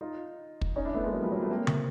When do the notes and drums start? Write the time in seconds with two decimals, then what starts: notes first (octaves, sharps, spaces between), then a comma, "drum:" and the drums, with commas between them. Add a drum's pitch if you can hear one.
0.01 D#4 F4
0.61 drum: kick
0.76 C#4 D#4
0.85 D4 E4
0.94 A3 B3
1.04 G#3 A#3
1.13 F#3
1.23 F3 G3
1.31 F#3
1.41 A3 B3
1.51 A#3 C4
1.67 drum: tom C#3